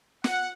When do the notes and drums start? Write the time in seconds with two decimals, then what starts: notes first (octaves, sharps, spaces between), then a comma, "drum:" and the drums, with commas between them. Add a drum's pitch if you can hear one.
0.24 F#5, drum: snare